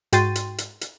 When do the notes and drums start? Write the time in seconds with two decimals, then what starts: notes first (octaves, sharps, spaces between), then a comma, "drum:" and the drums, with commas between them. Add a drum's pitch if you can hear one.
0.12 G#2 F#4 G5 C6 A6 D#7, drum: hi-hat
0.35 drum: hi-hat
0.58 drum: hi-hat
0.81 drum: hi-hat